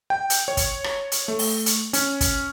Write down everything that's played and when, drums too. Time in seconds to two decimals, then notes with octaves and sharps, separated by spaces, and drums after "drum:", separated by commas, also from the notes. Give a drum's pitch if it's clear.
0.10 G5
0.30 drum: hi-hat
0.48 C#5
0.57 drum: kick, hi-hat
0.84 drum: rim click
1.12 drum: hi-hat
1.28 A3
1.39 drum: open hi-hat
1.66 drum: hi-hat
1.93 C#4, drum: hi-hat
2.21 drum: kick, hi-hat